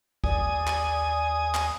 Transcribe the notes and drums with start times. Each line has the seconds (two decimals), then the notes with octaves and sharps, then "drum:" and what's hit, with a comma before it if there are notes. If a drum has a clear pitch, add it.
0.24 D#2 D5 G#5 D#6, drum: kick
0.67 drum: clap
1.54 drum: clap